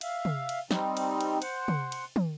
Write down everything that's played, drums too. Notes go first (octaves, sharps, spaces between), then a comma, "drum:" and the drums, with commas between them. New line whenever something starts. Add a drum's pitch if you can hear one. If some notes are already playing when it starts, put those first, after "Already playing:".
E5 F5, drum: cymbal
drum: tom
drum: cymbal
G3 C4 D#4, drum: snare
drum: cymbal
drum: cymbal
C5 F#5, drum: cymbal
drum: tom
drum: cymbal
drum: tom